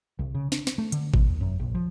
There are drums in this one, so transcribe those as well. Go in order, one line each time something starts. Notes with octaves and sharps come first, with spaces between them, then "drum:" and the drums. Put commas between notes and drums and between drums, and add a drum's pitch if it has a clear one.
C2
C#3
D4, drum: snare
drum: snare
A3
D3, drum: hi-hat
B2, drum: kick G#1
D#2
F#2
A#1
F3